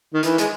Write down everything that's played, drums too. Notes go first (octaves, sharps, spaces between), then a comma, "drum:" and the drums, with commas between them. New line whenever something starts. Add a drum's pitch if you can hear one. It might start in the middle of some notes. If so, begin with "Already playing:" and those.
D#3
E3, drum: hi-hat
G#3, drum: hi-hat